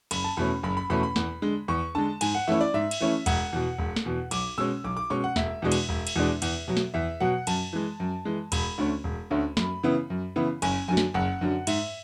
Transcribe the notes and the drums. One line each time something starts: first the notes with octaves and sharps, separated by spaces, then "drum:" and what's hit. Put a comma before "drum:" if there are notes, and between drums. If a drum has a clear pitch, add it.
F#1 B5, drum: cymbal
A5
E2 B2 A3 C#4 B5
F#1 B5
B5
E2 B2 A3 C#4 B5
B5
E2, drum: snare
D3 G#3
E2 C#6
D3 G#3 A5
G#2 G#5, drum: cymbal
F#5
E3 A3 C#4 E4 E5
D5
G#2 E5
drum: cymbal
E3 A3 C#4 E4
E1 F#5, drum: cymbal
E2 B2
E1
drum: snare
E2 B2
B1 D6, drum: cymbal
B2 G#3 C#4 E6
B1 D6
D6
B2 G#3 C#4 C#6
F#5
E1 E5, drum: snare
E2 B2 G#3 D4
drum: cymbal
E1
drum: cymbal
E2 B2 G#3 D4
E2, drum: cymbal
B2 F#3
drum: snare
E2 E5
B2 F#3 F#5
F#2 A5, drum: cymbal
E3 G#3
F#2
E3 G#3
E1 B5, drum: cymbal
D2 D3 A3 C#4
E1
D2 D3 A3 C#4
F#2 B5, drum: snare
C#3 E3 B3 E4
F#2
C#3 E3 B3 E4
F#1 G#5, drum: cymbal
F#2 D3 F#3 G#5
drum: snare
F#1 F#5
F#2 D3 F#3
G#2 E5, drum: cymbal